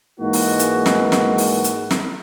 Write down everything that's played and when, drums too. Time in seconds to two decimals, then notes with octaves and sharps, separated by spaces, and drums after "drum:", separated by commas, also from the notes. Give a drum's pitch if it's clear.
0.20 G#2 E3 G#3 A#3 D#4 F#4
0.33 drum: open hi-hat
0.59 drum: hi-hat
0.86 drum: snare
1.12 drum: snare
1.38 drum: open hi-hat
1.64 drum: hi-hat
1.91 drum: snare